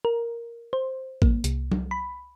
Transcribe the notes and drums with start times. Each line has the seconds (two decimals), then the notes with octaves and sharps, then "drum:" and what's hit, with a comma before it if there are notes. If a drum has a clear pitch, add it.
0.05 A#4
0.73 C5
1.22 A#3, drum: kick A1
1.44 C2, drum: hi-hat
1.72 drum: tom F#3
1.91 B5